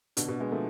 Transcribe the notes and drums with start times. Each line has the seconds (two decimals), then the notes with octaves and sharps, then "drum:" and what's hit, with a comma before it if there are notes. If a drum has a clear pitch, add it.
0.17 B2 D3, drum: hi-hat
0.28 B2 D3
0.40 G#3 B3
0.52 F3 A3